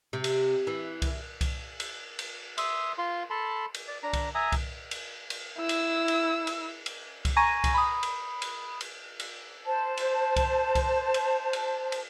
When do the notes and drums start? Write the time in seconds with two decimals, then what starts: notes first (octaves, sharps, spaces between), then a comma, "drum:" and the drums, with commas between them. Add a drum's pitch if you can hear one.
0.13 C3
0.24 drum: cymbal
0.67 E3
1.02 drum: kick C2, cymbal
1.41 drum: kick C2, cymbal
1.80 drum: cymbal
2.19 drum: cymbal
2.58 E5 C6 D#6, drum: cymbal
2.98 F4 C6
3.30 A4 A5 B5 C6
3.74 drum: cymbal
3.88 D5
4.03 D4 A#5
4.13 drum: kick C2, cymbal
4.35 E5 G#5 A#5 D#6
4.52 drum: kick C2, cymbal
4.91 drum: cymbal
5.30 drum: cymbal
5.58 E4 E6
5.69 drum: cymbal
6.08 drum: cymbal
6.47 drum: cymbal
6.86 drum: cymbal
7.25 drum: kick C2, cymbal
7.36 G#5 A#5 C#6 G#6 A#6 D#7
7.64 drum: kick C2, cymbal
7.74 B5 D#6
8.03 drum: cymbal
8.42 drum: cymbal
8.81 drum: cymbal
9.20 drum: cymbal
9.66 C5 A5
9.97 drum: cymbal
10.36 drum: kick C2, cymbal
10.75 drum: kick C2, cymbal
11.14 drum: cymbal
11.53 drum: cymbal
11.92 drum: cymbal